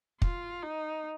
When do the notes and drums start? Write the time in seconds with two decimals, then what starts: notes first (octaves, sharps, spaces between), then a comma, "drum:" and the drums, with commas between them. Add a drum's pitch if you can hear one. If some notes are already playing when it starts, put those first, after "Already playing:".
0.22 F4, drum: kick
0.63 D#4